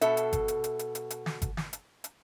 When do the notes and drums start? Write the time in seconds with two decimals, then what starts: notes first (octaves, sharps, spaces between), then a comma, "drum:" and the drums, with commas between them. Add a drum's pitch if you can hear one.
0.01 B2 A4 E5, drum: hi-hat
0.17 drum: hi-hat
0.33 drum: kick G1, hi-hat
0.48 drum: hi-hat
0.64 drum: hi-hat
0.79 drum: hi-hat
0.95 drum: hi-hat
1.10 drum: hi-hat
1.26 drum: snare
1.42 drum: kick G1, hi-hat
1.57 drum: snare
1.73 drum: hi-hat
2.04 drum: hi-hat